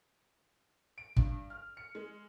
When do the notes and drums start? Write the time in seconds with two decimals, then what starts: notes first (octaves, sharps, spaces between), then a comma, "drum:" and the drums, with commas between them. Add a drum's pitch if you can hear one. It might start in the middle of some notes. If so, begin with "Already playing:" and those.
0.98 D7
1.16 G2, drum: kick
1.50 F6
1.77 C#7
1.95 G#3